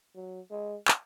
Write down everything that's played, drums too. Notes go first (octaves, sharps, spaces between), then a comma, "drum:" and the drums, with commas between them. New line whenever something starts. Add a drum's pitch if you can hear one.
F#3
G#3
drum: clap